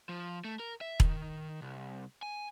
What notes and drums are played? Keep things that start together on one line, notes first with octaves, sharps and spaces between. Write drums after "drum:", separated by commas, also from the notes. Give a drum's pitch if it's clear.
F3
A3
A#4
E5
D#3, drum: kick E1
C2
G#5